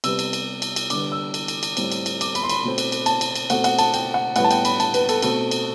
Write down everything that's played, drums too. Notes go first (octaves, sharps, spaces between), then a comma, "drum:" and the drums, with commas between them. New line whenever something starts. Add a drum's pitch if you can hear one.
C3 G3 B3 E6, drum: cymbal
drum: cymbal
drum: cymbal
drum: cymbal
drum: cymbal
D3 G3 B3 D6, drum: cymbal
E6
drum: cymbal
drum: cymbal
drum: cymbal
A2 G3 C4, drum: cymbal
drum: cymbal
drum: cymbal
D6, drum: cymbal
B5, drum: cymbal
C6
B5, drum: cymbal
B2 A3 C4
drum: cymbal
drum: cymbal
A5, drum: cymbal
drum: cymbal
drum: cymbal
B2 A3 C4 F#5, drum: cymbal
F#5, drum: cymbal
A5, drum: cymbal
G5, drum: cymbal
F#5
A2 G3 B3 F#5, drum: cymbal
A5
G5, drum: cymbal
B5, drum: cymbal
A5, drum: cymbal
B4, drum: cymbal
A4, drum: cymbal
B2 A3 C4 A4, drum: cymbal
drum: cymbal